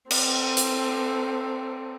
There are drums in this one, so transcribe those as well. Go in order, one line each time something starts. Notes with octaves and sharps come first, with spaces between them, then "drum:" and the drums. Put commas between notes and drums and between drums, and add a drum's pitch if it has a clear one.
C4 A4, drum: cymbal
drum: hi-hat